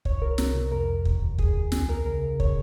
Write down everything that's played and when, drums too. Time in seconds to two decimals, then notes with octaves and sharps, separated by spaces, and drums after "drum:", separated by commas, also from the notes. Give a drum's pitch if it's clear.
0.05 C2 C#5, drum: kick
0.22 C2 A#4
0.38 C2 A#4, drum: snare
0.55 C3
0.72 F2 A#4
0.89 F2
1.05 D#2, drum: kick
1.22 D#2
1.38 D#2 G#4, drum: kick
1.56 D#2
1.72 C2 G#4, drum: snare
1.89 C2 A#4
2.06 C#3 A#4
2.23 C#3
2.40 C#5, drum: kick